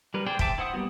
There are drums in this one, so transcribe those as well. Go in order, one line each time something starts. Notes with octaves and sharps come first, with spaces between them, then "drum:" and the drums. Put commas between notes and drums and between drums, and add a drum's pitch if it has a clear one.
G3 A#4 B4
G#4 C5 D5 G5
C5 E5 G5 A5 D6, drum: kick
E4 C5 F#5 D#6
F#3 G3 A#3 B3 F#4